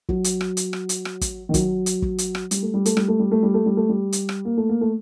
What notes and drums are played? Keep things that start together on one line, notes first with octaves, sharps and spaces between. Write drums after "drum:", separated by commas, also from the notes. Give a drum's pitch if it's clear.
F#3, drum: kick
drum: hi-hat
drum: rim click
drum: hi-hat
drum: rim click
drum: hi-hat
drum: rim click
drum: kick, hi-hat
D#3
F#3, drum: kick, hi-hat
drum: hi-hat
drum: kick
drum: hi-hat
drum: rim click
G3, drum: hi-hat
A3
G3
A3, drum: hi-hat
G3, drum: rim click
A3
G3
A3
G3
A3
G3
A3
G3
drum: hi-hat
drum: rim click
A#3
A3
A#3
A3